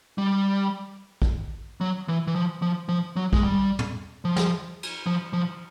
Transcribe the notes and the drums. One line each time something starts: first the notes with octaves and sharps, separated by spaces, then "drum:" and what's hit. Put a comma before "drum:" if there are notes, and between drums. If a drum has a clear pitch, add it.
G3
drum: kick
F#3
E3
E3
F3
F3
F3
F#3
G#3, drum: kick
G3
drum: tom
F3
drum: snare
drum: cymbal
F3
F3